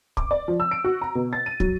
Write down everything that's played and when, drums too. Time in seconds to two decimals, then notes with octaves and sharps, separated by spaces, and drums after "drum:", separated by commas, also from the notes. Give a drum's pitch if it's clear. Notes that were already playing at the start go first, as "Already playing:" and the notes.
0.17 D6, drum: kick
0.31 D5
0.48 F3
0.60 E6
0.71 D7
0.84 F#4
1.02 A#5
1.15 B2
1.33 A6
1.46 D#7
1.60 F#3, drum: kick